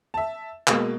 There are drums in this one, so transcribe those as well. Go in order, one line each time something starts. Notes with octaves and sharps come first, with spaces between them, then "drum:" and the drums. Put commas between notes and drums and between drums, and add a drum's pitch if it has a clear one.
E5 A5
B2 G#3 A#3, drum: clap